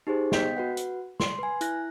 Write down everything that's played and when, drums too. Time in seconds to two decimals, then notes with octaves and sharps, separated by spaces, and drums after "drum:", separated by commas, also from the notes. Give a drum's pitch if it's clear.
0.07 D#4 G4 G#4 C5
0.32 B3 D#5 G5 G6 B6, drum: snare
0.57 F#4 B4 F#5
0.77 drum: hi-hat
1.20 C6, drum: snare
1.39 B4 G#5
1.61 E4 F#6 A#6, drum: hi-hat